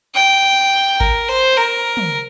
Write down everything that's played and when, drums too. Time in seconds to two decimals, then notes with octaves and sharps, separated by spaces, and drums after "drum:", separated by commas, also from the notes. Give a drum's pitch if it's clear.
0.15 G5
1.00 A#4, drum: kick G#1
1.29 C5
1.57 A#4
1.97 drum: tom